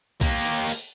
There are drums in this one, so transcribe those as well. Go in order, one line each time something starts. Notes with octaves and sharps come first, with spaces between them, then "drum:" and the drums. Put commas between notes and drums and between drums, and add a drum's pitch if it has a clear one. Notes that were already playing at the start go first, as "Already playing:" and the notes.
A#3 G4, drum: kick B1, hi-hat
drum: hi-hat
drum: open hi-hat